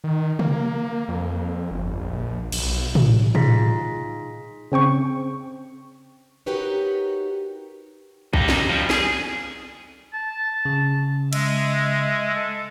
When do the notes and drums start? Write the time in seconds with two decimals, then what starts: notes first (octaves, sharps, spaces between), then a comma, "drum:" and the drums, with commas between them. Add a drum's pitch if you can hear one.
0.04 D#3
0.39 A#3, drum: tom
1.09 F2
1.71 G1
2.00 A#1
2.52 B1, drum: cymbal
2.95 drum: tom
3.35 D#4 F4 G#4 A#6 B6, drum: tom
4.72 C#3 C4 G5 C#6
6.46 D#4 F#4 G4 A#4 B4 C#5
8.33 D#4 G4, drum: kick B1
8.49 drum: snare
8.69 F3 G3
8.90 G#4, drum: snare
10.13 A5
10.65 C#3
11.33 G#3 E5, drum: cymbal
12.36 A4